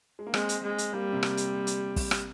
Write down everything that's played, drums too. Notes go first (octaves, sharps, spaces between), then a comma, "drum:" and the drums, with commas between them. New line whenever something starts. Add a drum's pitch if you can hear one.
G#3
A#3
G#3 C4, drum: rim click
drum: hi-hat
G#3
drum: hi-hat
G3 A#3
C3
drum: rim click
drum: hi-hat
drum: hi-hat
drum: kick, open hi-hat
drum: rim click